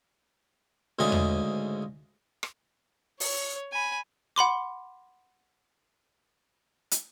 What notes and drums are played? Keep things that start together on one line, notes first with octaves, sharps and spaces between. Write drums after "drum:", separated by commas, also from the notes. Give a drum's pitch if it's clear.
D2 G#2 C#3 D#5 G#5 D#6
drum: tom E2
drum: rim click
C#5, drum: open hi-hat
G#5 B5
F#5 B5 C6 D6
drum: hi-hat